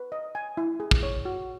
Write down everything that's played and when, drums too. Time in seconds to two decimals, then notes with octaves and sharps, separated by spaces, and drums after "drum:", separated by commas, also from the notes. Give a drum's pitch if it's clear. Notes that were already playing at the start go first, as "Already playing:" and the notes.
Already playing: B4
0.12 D#5
0.35 G#5
0.57 E4
0.80 G#4
0.91 drum: kick
1.03 C#5
1.25 F#4